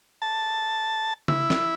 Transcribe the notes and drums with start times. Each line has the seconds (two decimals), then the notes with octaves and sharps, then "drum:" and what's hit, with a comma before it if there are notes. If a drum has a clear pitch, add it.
0.22 A5
1.28 E4, drum: tom C#3
1.50 drum: snare